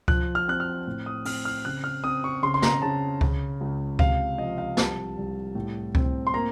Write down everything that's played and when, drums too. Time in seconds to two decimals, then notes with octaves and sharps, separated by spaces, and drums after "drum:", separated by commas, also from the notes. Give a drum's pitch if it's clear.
0.08 F3 F#6, drum: kick C#2
0.35 F6
0.48 C4 F#6
0.60 F6
0.87 A2
1.06 D#6
1.25 C4 F6, drum: open hi-hat
1.45 F6
1.65 C#3 F#6
1.84 F6
2.03 C4 D#6
2.24 C#6
2.43 C#3 C6
2.54 C6
2.62 A#5, drum: snare
2.82 C#3 A5
3.21 C#3, drum: kick C#2
3.61 C#2
3.99 C3 F5, drum: kick C#2
4.38 F3 D#5
4.58 F5
4.77 C2 A5, drum: snare
5.17 C2
5.55 A2
5.95 C4, drum: kick C#2
6.27 C6
6.34 A#3 A#5